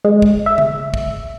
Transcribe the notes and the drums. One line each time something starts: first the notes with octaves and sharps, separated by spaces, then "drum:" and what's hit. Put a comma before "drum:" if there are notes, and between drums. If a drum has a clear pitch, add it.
G#3
drum: kick
E5
drum: tom C#3
drum: kick